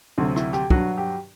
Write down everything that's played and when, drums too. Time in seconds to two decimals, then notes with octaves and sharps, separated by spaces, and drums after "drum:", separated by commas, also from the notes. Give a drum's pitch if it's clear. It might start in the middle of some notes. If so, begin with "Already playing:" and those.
0.18 D2 C3 F#3 C4
0.36 E4, drum: rim click
0.53 G4, drum: rim click
0.70 G2 F#3 F#4, drum: kick
0.97 G4